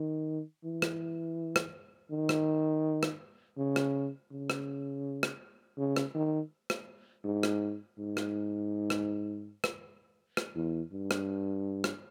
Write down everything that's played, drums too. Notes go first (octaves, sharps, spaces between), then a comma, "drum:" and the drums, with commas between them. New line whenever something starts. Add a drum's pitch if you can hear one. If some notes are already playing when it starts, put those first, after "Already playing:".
Already playing: D#3
E3
drum: rim click
drum: rim click
D#3
drum: rim click
drum: rim click
C#3
drum: rim click
C#3
drum: rim click
drum: rim click
C#3
drum: rim click
D#3
drum: rim click
G#2
drum: rim click
G#2
drum: rim click
drum: rim click
drum: rim click
drum: rim click
E2
G2
drum: rim click
drum: rim click